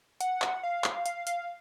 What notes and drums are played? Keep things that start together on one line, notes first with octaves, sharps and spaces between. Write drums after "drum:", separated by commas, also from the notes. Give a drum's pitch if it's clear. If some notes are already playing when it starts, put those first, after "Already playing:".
F#5, drum: hi-hat
drum: clap
F5
drum: clap
F5, drum: hi-hat
F5, drum: hi-hat